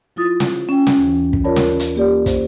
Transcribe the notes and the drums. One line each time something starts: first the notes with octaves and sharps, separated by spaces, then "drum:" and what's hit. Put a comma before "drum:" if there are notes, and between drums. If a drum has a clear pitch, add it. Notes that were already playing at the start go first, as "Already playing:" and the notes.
F3 E4 F4 D#6 A6
drum: snare
C#4 G5
drum: snare
D#2 E3
drum: kick
F4 A#4 C#5 D5 A5 B5
drum: snare
drum: hi-hat
A#3 G4 D5
C5, drum: kick, hi-hat